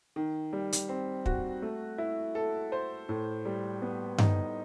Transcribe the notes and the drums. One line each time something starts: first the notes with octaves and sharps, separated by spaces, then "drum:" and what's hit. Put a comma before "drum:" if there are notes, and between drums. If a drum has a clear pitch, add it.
D#3
G3
drum: hi-hat
C4
F#4, drum: kick
A3
E4
A4
C5
A2
G3
B3
D#4, drum: tom G2